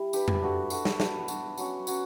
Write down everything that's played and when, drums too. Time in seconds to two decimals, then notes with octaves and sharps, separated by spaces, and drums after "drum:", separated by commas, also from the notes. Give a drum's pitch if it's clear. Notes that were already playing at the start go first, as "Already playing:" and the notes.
Already playing: G3 E4
0.13 D4 G4 B4, drum: tambourine
0.28 drum: tom F2
0.42 D4 F#4 A4
0.70 D4 F#4 A4, drum: tambourine
0.85 drum: snare
1.00 B3 D4 F#4, drum: snare
1.28 B3 D4 F#4, drum: tambourine
1.58 F#3 C#4 F#4 C#5, drum: tambourine
1.87 F#3 C#4 F#4 C#5, drum: tambourine